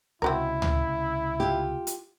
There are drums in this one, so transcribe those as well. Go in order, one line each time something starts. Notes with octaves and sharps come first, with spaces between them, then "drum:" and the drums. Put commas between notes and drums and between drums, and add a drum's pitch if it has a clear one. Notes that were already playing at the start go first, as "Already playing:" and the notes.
C#2 C3 C4 E4 F#4 A#4
drum: tom C#2
F4 G4
drum: hi-hat